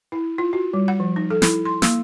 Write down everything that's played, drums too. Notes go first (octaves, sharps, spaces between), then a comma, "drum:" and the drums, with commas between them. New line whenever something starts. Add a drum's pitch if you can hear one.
E4
F4
F#4
G3
F#5
F3
D#4
A4
E4, drum: snare
C6
A#3, drum: snare